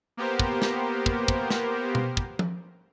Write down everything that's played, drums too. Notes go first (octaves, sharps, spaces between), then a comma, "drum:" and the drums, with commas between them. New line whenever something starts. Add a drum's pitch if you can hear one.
A#3 B3 G4 A#4 C5
drum: kick
drum: snare
drum: kick
drum: kick
drum: snare
drum: tom B2
drum: kick
drum: tom F3